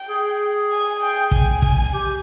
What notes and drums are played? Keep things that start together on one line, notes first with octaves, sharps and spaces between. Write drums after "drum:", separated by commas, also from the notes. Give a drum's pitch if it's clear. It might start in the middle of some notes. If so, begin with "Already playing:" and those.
Already playing: G5
G#4
G#5
G5
G#5, drum: kick
drum: kick
G4